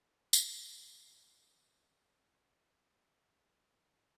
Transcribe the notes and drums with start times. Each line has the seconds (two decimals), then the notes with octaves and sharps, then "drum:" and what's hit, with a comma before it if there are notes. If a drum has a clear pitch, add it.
0.13 C4
0.33 drum: tambourine
0.43 C4
0.73 A2
1.03 C4
1.33 C4
1.62 G#3
1.92 C4
2.22 E3
2.51 D#3
2.80 F#3
3.11 G2
3.40 G2
3.71 F#3
4.00 F#3